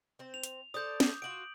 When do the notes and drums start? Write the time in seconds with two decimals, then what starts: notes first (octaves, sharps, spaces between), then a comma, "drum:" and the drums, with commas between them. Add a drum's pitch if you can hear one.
0.19 C4 C5
0.34 F7
0.43 drum: hi-hat
0.74 A4 C5 D5 D#6 G6
1.00 D6, drum: snare
1.22 F4 F#4 F#5 D7 F#7